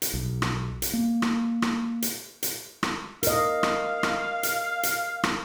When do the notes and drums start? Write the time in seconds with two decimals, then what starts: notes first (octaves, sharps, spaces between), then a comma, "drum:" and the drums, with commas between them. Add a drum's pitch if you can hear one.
0.02 drum: hi-hat
0.14 B1
0.42 drum: rim click
0.82 drum: hi-hat
0.93 A#3
1.22 drum: rim click
1.62 drum: rim click
2.02 drum: hi-hat
2.43 drum: hi-hat
2.83 drum: rim click
3.23 A#4 D#5 F5, drum: hi-hat
3.63 drum: rim click
4.03 drum: rim click
4.43 drum: hi-hat
4.83 drum: hi-hat
5.23 drum: rim click